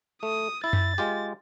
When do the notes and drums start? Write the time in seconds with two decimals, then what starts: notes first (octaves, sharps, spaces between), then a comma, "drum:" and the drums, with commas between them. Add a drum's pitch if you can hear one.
0.23 A3 D#6
0.64 E4 A6
0.73 drum: tom F#2
0.98 G#3 F4 G4